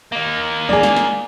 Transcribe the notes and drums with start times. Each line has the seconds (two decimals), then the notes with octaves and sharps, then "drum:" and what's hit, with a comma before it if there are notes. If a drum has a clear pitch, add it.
0.12 A#3 D#4
0.69 G#4 D5, drum: tom
0.83 drum: snare
0.97 drum: snare